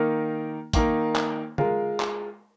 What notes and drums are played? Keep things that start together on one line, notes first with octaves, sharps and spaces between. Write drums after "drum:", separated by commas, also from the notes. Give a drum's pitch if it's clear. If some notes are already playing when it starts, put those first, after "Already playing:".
Already playing: D#3 A#3 D#4 A#4
D#3 A#3 D#4 A#4, drum: kick, hi-hat
drum: clap
G#3 F4 A#4, drum: tom
drum: clap